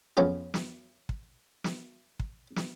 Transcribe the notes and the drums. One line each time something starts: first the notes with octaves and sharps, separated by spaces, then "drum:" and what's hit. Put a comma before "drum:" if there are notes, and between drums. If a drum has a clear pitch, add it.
F2 C#3 F3 B3 C#4 F4
drum: snare
drum: kick
drum: snare
drum: kick
drum: snare